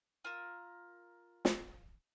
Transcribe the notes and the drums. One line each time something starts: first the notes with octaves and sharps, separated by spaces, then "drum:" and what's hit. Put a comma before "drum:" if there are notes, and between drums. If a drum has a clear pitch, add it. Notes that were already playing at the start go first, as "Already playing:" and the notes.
F4 A#4 E6
drum: snare